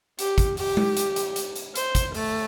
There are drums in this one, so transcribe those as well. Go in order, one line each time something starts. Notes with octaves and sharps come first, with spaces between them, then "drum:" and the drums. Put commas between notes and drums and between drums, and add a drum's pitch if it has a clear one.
G4, drum: hi-hat
drum: kick, hi-hat
G4, drum: open hi-hat
drum: tom G#3
drum: hi-hat
drum: hi-hat
drum: hi-hat
drum: hi-hat
C5, drum: hi-hat
drum: kick, hi-hat
A3, drum: open hi-hat